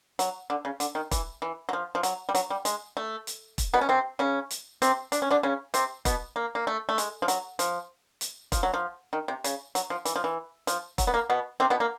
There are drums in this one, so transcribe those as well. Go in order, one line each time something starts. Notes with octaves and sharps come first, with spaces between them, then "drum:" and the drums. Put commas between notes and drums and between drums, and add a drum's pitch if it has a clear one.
F#3, drum: hi-hat
D3
C#3
D3, drum: hi-hat
D#3
E3, drum: kick E1, hi-hat
E3
F#3
F3
F3
F#3, drum: hi-hat
G3
F#3, drum: hi-hat
G3
G#3, drum: hi-hat
A3
drum: hi-hat
drum: kick E1, hi-hat
B2 B3
C#4
C3 C4
C#3 C#4
drum: hi-hat
C3 C4, drum: hi-hat
D4, drum: hi-hat
C#4
D3 D4
C#3 C#4
C3 C4, drum: hi-hat
B2 B3, drum: kick E1, hi-hat
A#3
A#3
A3
A3
G#3, drum: hi-hat
F3
F#3, drum: hi-hat
F3, drum: hi-hat
drum: hi-hat
F3, drum: kick E1, hi-hat
F#3
F3
D#3
C3
C#3, drum: hi-hat
F#3, drum: hi-hat
F3
E3, drum: hi-hat
F3
E3
F3, drum: hi-hat
F#3, drum: kick E1, hi-hat
B3
A#3
B2 B3
C3 C4
B2 B3
A#3